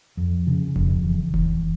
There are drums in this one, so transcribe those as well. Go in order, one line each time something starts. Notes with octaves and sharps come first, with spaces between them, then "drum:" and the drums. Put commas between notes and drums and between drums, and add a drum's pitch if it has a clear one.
F2
C#3
F2, drum: kick E1
E3
E3, drum: kick E1